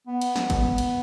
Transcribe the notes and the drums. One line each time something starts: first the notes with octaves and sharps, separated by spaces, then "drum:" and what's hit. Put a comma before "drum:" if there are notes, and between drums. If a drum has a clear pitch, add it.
B3
drum: cymbal
drum: snare
drum: kick G#1, cymbal
drum: cymbal